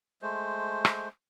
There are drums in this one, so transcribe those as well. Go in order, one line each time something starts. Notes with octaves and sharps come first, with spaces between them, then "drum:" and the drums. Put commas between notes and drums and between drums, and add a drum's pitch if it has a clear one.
G#3 A3 C5
drum: rim click